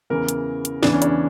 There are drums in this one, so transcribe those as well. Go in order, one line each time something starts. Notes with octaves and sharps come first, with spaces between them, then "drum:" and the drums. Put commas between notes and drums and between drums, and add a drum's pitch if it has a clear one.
E2 C#3 E3 A#4
drum: hi-hat
drum: hi-hat
E2 C#3 E3 D4, drum: snare
C#4
D4, drum: hi-hat